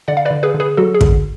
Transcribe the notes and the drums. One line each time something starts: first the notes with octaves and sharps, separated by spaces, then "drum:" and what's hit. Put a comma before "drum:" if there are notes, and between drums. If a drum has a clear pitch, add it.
D3 D5 F#5
F5
B4 D5
D3
G#4 B4
D3
G#4 B4
F#3 F#4 A4
G#4
D3, drum: kick